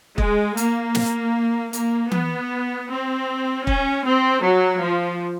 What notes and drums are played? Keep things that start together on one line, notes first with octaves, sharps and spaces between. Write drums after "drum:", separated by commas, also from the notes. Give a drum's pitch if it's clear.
G#3, drum: kick
A#3, drum: hi-hat
drum: snare
A#3, drum: hi-hat
B3, drum: tom E3
C4
C#4, drum: kick
C4
F#3
F3